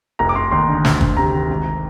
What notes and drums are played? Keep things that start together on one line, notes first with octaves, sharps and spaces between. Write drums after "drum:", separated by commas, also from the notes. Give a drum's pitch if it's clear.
F1 A#5
D6
F1 C6
D#2 C6
D3
D2, drum: snare
D2, drum: kick
C3 A#5
D#3
G#1